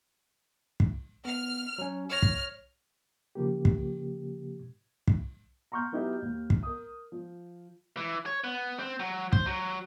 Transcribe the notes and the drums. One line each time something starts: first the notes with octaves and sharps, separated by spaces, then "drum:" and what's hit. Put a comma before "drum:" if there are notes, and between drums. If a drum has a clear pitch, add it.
drum: kick
B3 F6
F#3 C#4
C#5 F6 A#6
drum: kick
C#3 F3 A#3 G4
drum: kick
drum: kick
A#5 C6 C#6 F6 G6
F#3 B3 D#4 E4 G4
D#2
drum: kick
A#4 D#6
F3
E3
C#5
B3
C4
F#3
C5, drum: kick
F#3